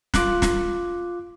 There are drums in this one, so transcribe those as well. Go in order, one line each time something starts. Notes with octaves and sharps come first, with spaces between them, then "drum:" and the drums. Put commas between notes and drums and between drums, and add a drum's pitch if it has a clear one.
F4 D6 F#6, drum: snare
drum: snare